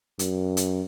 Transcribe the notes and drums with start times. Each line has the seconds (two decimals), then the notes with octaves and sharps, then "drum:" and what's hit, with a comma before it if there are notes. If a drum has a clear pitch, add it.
0.19 F#2, drum: hi-hat
0.57 drum: hi-hat